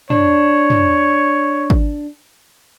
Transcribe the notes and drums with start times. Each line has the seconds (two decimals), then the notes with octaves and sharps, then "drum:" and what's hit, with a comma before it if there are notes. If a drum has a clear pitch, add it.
0.10 D4 C#5, drum: tom
0.70 drum: tom
1.70 drum: kick G#1